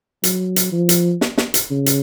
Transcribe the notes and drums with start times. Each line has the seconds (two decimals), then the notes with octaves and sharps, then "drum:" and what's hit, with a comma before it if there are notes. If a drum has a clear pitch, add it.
0.24 F#3, drum: hi-hat
0.56 drum: hi-hat
0.72 F3
0.89 drum: hi-hat
1.21 drum: snare
1.38 drum: snare
1.54 drum: hi-hat
1.71 C#3
1.86 drum: hi-hat